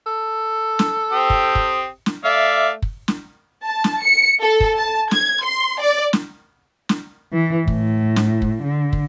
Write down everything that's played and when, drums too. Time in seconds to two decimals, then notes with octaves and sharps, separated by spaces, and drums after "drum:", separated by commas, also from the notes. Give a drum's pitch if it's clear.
0.07 A4
0.79 drum: snare
1.12 C4 G4 D#6
1.30 drum: kick
1.55 drum: kick
2.06 drum: snare
2.24 A3 D5 E5 F5
2.82 drum: kick
3.08 drum: snare
3.65 A5
3.84 drum: snare
4.04 C#7
4.41 A4
4.60 drum: kick
4.77 A5
5.11 G#6, drum: snare
5.43 C6
5.80 D5
6.13 drum: snare
6.89 drum: snare
7.33 E3
7.67 A2, drum: kick
8.16 drum: snare
8.42 drum: kick
8.63 D3
8.93 drum: kick